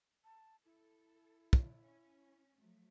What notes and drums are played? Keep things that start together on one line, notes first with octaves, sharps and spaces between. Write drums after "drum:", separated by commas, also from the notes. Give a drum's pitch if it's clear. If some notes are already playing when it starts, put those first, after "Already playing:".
A5
E4 A4
drum: kick
C#4
F3 F#3 A3